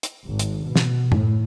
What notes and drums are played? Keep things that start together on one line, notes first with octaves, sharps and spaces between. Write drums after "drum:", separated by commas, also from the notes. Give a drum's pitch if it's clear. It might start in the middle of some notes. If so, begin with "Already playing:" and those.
drum: hi-hat
G#1
drum: hi-hat
B2
drum: snare
A2, drum: tom F#2